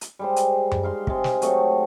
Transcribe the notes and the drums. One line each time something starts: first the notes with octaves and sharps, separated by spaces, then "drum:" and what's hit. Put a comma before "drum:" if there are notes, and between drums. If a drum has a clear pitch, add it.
drum: hi-hat
G3 G#3 C5
drum: hi-hat
drum: tom F#2
D#4 F5 C6
C3 G#3, drum: kick
drum: snare
F#3 A3 C4 D#4, drum: hi-hat